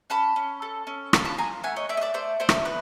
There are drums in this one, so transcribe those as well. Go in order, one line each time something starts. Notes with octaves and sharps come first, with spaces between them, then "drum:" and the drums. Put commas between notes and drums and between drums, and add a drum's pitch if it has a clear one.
C#4 A5 B5
C#4
A4
C#4
F4, drum: rim click
A5 B5
F4 G#5 A#5
A3 F#5 G#5
C#5 D#5
A3 D5 E5
D#5
D5 E5
A3 C5 D5
A3 C5 D5
drum: rim click
A3 B4